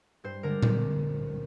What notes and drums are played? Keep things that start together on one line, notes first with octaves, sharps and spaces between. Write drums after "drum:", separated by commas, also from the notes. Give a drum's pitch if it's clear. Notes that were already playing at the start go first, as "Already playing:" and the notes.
G2 C5
D3 G#3 D4 A#4
drum: tom A#2